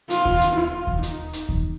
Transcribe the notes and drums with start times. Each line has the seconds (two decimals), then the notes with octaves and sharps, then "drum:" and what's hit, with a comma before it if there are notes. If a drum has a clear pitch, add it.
0.10 F4, drum: hi-hat
0.25 drum: kick D#2
0.41 drum: hi-hat
0.56 F4
0.87 drum: kick D#2
1.03 D#4, drum: hi-hat
1.33 drum: hi-hat
1.49 drum: kick D#2